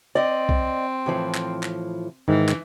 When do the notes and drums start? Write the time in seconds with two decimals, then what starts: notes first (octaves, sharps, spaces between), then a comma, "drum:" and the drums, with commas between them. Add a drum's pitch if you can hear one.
0.15 C4 D5 D#5
0.49 drum: kick B1
1.06 A2 E3 F3
1.34 drum: clap
1.63 drum: clap
2.28 G#2 D#3 E3
2.49 drum: clap